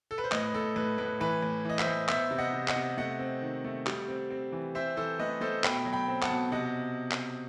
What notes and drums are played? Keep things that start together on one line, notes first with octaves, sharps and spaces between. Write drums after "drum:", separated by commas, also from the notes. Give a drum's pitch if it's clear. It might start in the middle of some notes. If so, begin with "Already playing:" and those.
A4
B4
C5
A2 B4 D#5, drum: clap
A2 A4
A2 B4
A2 B4
E3 B4
A2
E3 D#5
C5 E5, drum: clap
A2
B3 C5 E5, drum: clap
C3
D#5 F#5
C3
D#5 F#5, drum: clap
C3
A3 D#5 F#5
C4
D#3
A3
G3, drum: clap
C4
C4
E3
C4 C5 E5
E3 A4 C5
A3 B4 D#5
A3 A4 C5
B2 G5 B5, drum: clap
F#3
G5 B5
C4
F#5 A5, drum: clap
B2
C3 D#5 F#5
drum: clap